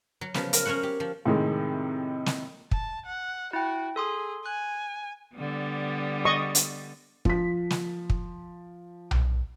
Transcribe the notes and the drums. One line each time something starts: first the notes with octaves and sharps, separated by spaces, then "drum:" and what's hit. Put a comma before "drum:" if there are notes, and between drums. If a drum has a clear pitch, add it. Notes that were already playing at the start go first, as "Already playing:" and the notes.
F#3
C#3 F3 F#3 B3, drum: snare
A#4, drum: hi-hat
C#4 A#4 C5 C#5 F#5
G4
F3
A2 C3 D#3 G#3
drum: snare
A5, drum: kick
F#5
E4 F#4 G5
G#4 A4 C6 D#6
G#5 F#6
D3 G3 B3
D#5 C#6 D#6
drum: hi-hat
F3 B6, drum: kick
drum: snare
drum: kick
drum: tom B1